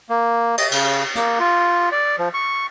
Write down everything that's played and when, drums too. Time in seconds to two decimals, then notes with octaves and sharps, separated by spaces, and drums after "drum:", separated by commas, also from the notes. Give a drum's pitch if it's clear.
0.10 A#3
0.58 D#5, drum: cymbal
0.72 C#3, drum: cymbal
1.15 A#3, drum: hi-hat
1.40 F4
1.92 D5
2.19 F3
2.34 C#6